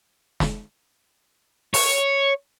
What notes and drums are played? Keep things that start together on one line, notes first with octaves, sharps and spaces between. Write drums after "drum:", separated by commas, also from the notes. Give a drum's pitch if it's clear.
drum: snare
C#5, drum: open hi-hat